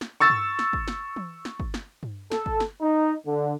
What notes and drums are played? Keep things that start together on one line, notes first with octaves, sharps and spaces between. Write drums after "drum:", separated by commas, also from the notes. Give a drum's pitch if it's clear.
drum: snare
C#6 E6 A6
drum: tom G2
drum: snare
drum: kick
drum: snare
drum: tom E3
drum: snare
drum: kick
drum: snare
drum: tom G2
A4, drum: snare
drum: kick
drum: snare
D#4
D3